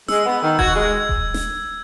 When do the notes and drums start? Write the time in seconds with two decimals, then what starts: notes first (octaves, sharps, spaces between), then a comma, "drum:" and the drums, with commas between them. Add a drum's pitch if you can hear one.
0.08 G#3 E6, drum: snare
0.26 B3
0.43 D#3
0.59 F#4 G#6, drum: kick D#1
0.76 G#3
1.09 drum: kick D#1
1.34 drum: snare